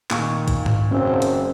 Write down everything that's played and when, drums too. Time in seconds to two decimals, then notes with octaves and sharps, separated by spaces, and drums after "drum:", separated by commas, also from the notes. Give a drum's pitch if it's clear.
0.10 A#2 D#3 C#6, drum: clap
0.48 drum: kick, hi-hat
0.66 drum: tom G#2
0.91 F#1 C4 C#4
1.22 drum: hi-hat